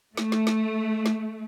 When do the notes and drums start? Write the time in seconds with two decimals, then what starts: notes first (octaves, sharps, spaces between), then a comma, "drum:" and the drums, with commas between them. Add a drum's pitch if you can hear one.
0.17 A3, drum: snare
0.32 drum: snare
0.47 drum: snare
1.06 drum: snare